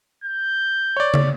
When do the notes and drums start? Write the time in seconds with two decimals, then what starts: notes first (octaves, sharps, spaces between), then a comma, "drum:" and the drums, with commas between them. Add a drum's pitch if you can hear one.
0.24 G6
0.97 C#5 D5
1.14 drum: tom C#3